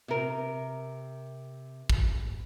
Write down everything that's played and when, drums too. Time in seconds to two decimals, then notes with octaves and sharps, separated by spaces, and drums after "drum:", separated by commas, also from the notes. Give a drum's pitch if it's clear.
0.08 C3 A#4
1.90 drum: kick